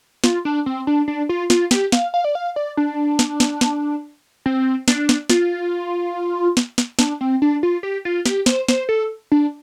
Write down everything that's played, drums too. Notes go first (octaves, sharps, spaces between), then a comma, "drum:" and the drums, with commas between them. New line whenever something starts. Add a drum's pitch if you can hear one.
F4, drum: snare
D4
C4
D4
D4
F4
F4, drum: snare
G4, drum: snare
F5, drum: snare
F5
D5
F5
D5
D4
drum: snare
drum: snare
drum: snare
C4
D4, drum: snare
drum: snare
F4, drum: snare
drum: snare
drum: snare
D4, drum: snare
C4
D4
F4
G4
F4
G4, drum: snare
C5, drum: snare
C5, drum: snare
A4
D4